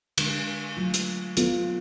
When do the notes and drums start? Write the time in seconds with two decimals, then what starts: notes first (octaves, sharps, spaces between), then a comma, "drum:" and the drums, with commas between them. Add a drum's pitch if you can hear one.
0.18 D3 G#3 D4, drum: cymbal
0.77 F#3 A3 F4
0.94 drum: hi-hat
1.37 F#3 B3 F4 A4, drum: hi-hat